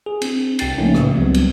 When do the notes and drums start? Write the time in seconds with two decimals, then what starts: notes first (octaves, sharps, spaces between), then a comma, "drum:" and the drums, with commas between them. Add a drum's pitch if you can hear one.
0.06 G#4
0.22 C4, drum: cymbal
0.59 C2 G5 A6 C7, drum: cymbal
0.78 C#3 F3 A3 A#3 C#4 D#4
0.95 A2 C#3, drum: rim click
1.15 C#2 F#3 G3 B3 C4
1.34 drum: cymbal